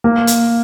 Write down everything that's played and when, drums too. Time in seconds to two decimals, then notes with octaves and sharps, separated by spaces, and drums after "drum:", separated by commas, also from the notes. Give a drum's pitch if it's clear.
0.04 A#3
0.27 drum: hi-hat